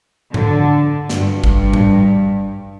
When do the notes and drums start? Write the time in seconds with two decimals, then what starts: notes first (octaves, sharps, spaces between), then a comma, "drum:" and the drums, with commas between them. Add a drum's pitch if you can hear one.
0.34 D3, drum: tom G#2
1.09 G2, drum: snare
1.44 drum: kick G#1
1.73 drum: tom G#2